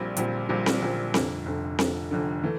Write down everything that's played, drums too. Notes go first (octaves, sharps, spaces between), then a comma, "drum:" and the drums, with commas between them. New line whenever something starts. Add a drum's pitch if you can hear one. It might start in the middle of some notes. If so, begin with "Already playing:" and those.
Already playing: A#1 A#2 G3 C4
A#1 A#2 G3 C4, drum: hi-hat
A#1 A#2 G3 C4
drum: snare C4
A#1 A#2 G3 C4
F1 F2 D3, drum: snare C4
F1 F2 D3
F1 F2 D3, drum: snare C4
F1 F2 D3
E3 A3